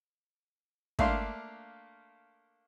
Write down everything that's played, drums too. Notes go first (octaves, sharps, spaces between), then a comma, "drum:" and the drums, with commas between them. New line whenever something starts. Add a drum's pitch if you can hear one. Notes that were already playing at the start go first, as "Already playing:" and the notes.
A3 A#3 D4 F5 C6, drum: kick